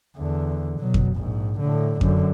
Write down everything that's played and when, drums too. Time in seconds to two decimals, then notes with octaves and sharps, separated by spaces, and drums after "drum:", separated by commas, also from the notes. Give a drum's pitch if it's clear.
0.17 E2 D3
0.80 B2 F#3
0.94 drum: kick F2
1.16 A#1 G#2
1.60 A2 D3
2.01 F#2 D3, drum: kick F2